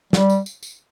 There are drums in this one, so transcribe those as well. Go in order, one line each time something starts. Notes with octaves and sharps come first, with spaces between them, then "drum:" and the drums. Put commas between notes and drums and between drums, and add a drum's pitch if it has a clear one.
G3, drum: snare
drum: tambourine
drum: tambourine
drum: tambourine